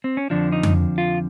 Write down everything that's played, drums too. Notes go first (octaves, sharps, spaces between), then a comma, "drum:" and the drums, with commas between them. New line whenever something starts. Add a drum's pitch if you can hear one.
C4
C#4
F2 D3 F3 D4
D#4
drum: tom F2
F4